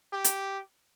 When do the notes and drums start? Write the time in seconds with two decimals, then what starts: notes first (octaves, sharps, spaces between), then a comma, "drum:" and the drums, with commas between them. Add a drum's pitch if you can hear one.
0.12 G4
0.24 drum: hi-hat